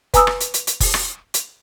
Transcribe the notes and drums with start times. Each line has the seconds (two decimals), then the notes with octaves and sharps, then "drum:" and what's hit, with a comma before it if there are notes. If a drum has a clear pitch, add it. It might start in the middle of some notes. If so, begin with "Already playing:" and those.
0.14 B4 G#5 A#5 D#6 E6, drum: kick F1, hi-hat
0.27 drum: rim click
0.40 drum: hi-hat
0.54 drum: hi-hat
0.67 drum: hi-hat
0.80 drum: kick F1, open hi-hat
0.94 drum: rim click
1.34 drum: hi-hat